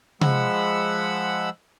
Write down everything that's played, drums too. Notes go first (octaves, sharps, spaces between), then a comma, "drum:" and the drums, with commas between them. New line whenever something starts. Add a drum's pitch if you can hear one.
F3 G#3 F#5 B5 E6, drum: tom C3